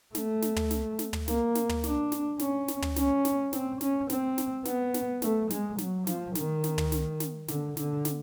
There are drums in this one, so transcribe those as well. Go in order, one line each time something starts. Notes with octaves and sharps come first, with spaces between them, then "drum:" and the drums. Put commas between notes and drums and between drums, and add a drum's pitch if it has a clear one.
A3, drum: snare
drum: snare
drum: tom
drum: snare
drum: snare
drum: tom
A#3, drum: snare
drum: snare
drum: tom
D4, drum: snare
drum: snare
C#4, drum: snare
drum: snare
drum: tom
C#4, drum: snare
drum: snare
C4, drum: snare
C#4, drum: snare
C4, drum: snare
drum: snare
B3, drum: snare
drum: snare
A3, drum: snare
G#3, drum: snare
F#3, drum: snare
F3, drum: snare
D#3, drum: snare
drum: snare
drum: tom
drum: snare
drum: snare
D3, drum: snare
D3, drum: snare
drum: snare